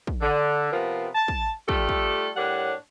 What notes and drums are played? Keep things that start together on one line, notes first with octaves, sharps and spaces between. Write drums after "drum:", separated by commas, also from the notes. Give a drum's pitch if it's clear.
drum: kick
D3
C3 F3 B3 A#4
A5
drum: kick
G3 A3 F4 G4 A4, drum: kick
drum: kick
A2 G3 D4 A#4 C#5 F#5